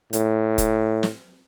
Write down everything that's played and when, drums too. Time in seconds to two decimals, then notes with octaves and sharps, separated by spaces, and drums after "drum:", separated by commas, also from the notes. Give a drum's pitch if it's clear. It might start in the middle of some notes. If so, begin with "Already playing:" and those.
0.13 A2, drum: hi-hat
0.58 drum: kick, hi-hat
1.03 drum: snare